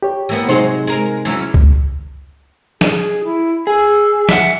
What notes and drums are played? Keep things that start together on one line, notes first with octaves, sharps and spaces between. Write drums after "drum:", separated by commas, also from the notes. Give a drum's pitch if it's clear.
G4 C#5
E3 A#3 B3
C3 F#3 G#3 D#4 G#4 C5
G#3 A#4
E3 F#3 C#4
drum: kick C#2
G#4, drum: snare
E4
G#4 E6
E5 F#5, drum: snare